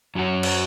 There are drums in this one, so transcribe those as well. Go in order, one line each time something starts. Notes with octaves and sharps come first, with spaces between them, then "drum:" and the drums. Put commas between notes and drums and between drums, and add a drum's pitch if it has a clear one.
F#2 F#3 C#4 F#4
drum: cymbal